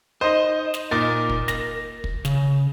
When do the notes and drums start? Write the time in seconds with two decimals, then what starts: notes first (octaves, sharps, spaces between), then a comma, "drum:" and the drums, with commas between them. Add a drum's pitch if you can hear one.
0.21 D#4 C5 D#5
0.74 drum: snare
0.91 A#2 D#4 A#4 A6
1.29 drum: kick
1.48 A#6, drum: snare
2.04 drum: kick
2.25 C#3, drum: snare